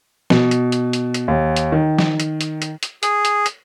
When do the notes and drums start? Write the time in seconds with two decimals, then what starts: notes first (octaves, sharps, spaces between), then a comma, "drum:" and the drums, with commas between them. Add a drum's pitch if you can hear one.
0.30 B2, drum: snare
0.51 drum: hi-hat
0.72 drum: hi-hat
0.93 drum: hi-hat
1.14 drum: hi-hat
1.28 D#2
1.56 drum: hi-hat
1.72 D#3
1.99 drum: snare
2.20 drum: hi-hat
2.41 drum: hi-hat
2.62 drum: hi-hat
2.83 drum: hi-hat
3.03 G#4, drum: hi-hat
3.25 drum: hi-hat
3.46 drum: hi-hat